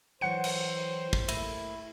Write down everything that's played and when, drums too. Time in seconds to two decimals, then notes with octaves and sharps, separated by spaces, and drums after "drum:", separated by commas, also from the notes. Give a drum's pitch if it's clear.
0.21 E3 F#3 C5 C#5 F#5 C#7
0.44 drum: cymbal
1.13 drum: kick
1.28 A3 A#3 E4, drum: cymbal